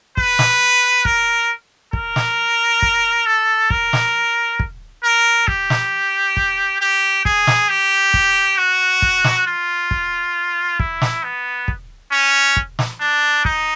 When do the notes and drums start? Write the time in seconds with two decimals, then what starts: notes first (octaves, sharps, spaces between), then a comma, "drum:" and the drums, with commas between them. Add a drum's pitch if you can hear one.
0.17 B4, drum: kick
0.39 drum: snare
1.05 A#4, drum: kick
1.93 A#4, drum: kick
2.16 drum: snare
2.82 drum: kick
3.26 A4
3.70 A#4, drum: kick
3.93 drum: snare
4.60 drum: kick
5.04 A#4
5.48 G4, drum: kick
5.70 drum: snare
6.37 drum: kick
6.81 G4
7.25 G#4, drum: kick
7.47 drum: snare
7.69 G4
8.14 drum: kick
8.58 F#4
9.02 drum: kick
9.24 drum: snare
9.46 F4
9.91 drum: kick
10.79 E4, drum: kick
11.02 drum: snare
11.24 B3
11.68 drum: kick
12.12 C#4
12.57 drum: kick
12.79 drum: snare
13.00 D4
13.45 D#4, drum: kick